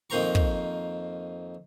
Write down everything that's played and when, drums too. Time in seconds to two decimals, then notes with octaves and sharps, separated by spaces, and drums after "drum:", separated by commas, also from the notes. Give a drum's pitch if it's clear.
0.10 F2 D#3 A#3 C5 A#5 C#6
0.35 drum: kick